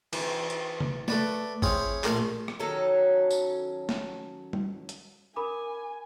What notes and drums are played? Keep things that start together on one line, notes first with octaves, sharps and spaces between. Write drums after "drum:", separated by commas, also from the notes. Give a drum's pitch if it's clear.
E3, drum: cymbal
drum: hi-hat
drum: tom C3
A3 B4 D5, drum: snare
C4 E4 G#4 C5 C#5 F5, drum: kick
A#1 A3 F5 C6, drum: clap
drum: rim click
D#3 F#3 C#4 A4
drum: tambourine
drum: snare
drum: tom G3
drum: hi-hat
A#4 G#5 B5 D6